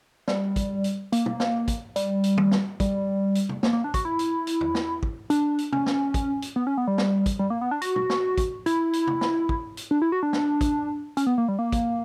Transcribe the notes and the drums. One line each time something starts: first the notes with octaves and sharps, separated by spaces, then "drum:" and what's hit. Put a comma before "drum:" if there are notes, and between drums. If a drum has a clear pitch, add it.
G3, drum: snare
drum: kick, hi-hat
drum: hi-hat
A#3, drum: hi-hat
drum: tom
drum: snare
drum: kick, hi-hat
G3, drum: hi-hat
drum: hi-hat
drum: tom
drum: snare
G3, drum: kick, hi-hat
drum: hi-hat
drum: tom C3
A#3, drum: snare
A#3
D4
F#4, drum: kick, hi-hat
E4
drum: hi-hat
drum: hi-hat
drum: tom E2
drum: snare
drum: kick
D4, drum: hi-hat
drum: hi-hat
C#4, drum: tom C3
drum: snare
drum: kick, hi-hat
drum: hi-hat
B3
C#4
B3
G3
drum: snare
drum: kick, hi-hat
G3
A#3
B3
D4
F#4, drum: hi-hat
drum: tom
drum: snare
drum: kick, hi-hat
E4, drum: hi-hat
drum: hi-hat
drum: tom C3
drum: snare
drum: kick
drum: hi-hat
D4
E4
F#4
D4
drum: snare
drum: kick, hi-hat
C#4, drum: hi-hat
B3
A#3
G3
A#3
drum: kick, hi-hat